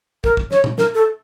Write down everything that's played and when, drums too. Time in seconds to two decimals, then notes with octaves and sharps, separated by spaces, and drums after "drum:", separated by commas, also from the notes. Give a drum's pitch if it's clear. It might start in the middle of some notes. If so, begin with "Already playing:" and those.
0.24 A#4, drum: kick
0.37 drum: kick
0.51 C#5, drum: snare
0.64 drum: tom
0.78 A#4, drum: snare
0.94 A4